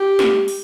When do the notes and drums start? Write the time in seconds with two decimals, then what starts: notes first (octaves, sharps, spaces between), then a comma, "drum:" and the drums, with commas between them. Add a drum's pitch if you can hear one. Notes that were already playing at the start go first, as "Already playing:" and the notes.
Already playing: G4
0.19 drum: snare
0.48 drum: open hi-hat